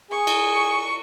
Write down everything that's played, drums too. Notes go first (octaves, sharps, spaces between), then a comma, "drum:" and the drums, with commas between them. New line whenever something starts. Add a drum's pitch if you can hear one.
G#4 C#6
drum: cymbal